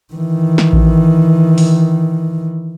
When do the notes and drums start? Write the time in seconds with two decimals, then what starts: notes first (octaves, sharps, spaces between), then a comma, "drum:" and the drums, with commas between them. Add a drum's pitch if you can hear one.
0.13 D#3 E3
0.58 drum: snare
0.73 drum: kick A1
1.58 drum: open hi-hat